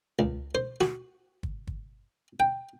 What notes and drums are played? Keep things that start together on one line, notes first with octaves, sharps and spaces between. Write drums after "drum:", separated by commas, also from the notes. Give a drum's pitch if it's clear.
C#2
C5
F#4, drum: snare
drum: kick G1
drum: kick G1
G5